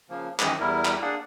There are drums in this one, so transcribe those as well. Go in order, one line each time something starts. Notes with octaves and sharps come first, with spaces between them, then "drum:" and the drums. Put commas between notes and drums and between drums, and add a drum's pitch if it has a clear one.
C#3 F3 A#3
F#2 D#3 E3 D#5, drum: clap
E2 G3 E4 A#4
drum: clap
A#3 D4 G#4 F#5